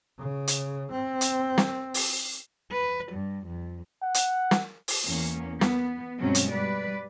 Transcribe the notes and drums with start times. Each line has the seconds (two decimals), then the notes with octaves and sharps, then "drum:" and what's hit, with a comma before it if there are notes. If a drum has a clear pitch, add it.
0.19 C#3
0.47 drum: hi-hat
0.92 C4
1.21 drum: hi-hat
1.58 drum: snare
1.94 drum: open hi-hat
2.72 B4
3.13 G2
3.47 F2
4.03 F#5
4.14 drum: hi-hat
4.51 drum: snare
4.88 drum: open hi-hat
5.06 E2 A#3 C#4
5.61 B3, drum: snare
6.19 G2 B2 F#3 G#3 C4 C#4
6.35 drum: hi-hat
6.50 G3 B4 D5